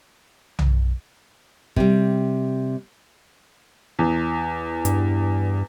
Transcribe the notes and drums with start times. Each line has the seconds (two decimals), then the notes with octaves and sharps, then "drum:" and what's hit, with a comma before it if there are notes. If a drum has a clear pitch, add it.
0.59 drum: tom B1
1.76 C3 G3, drum: kick
3.99 E2
4.85 G2, drum: hi-hat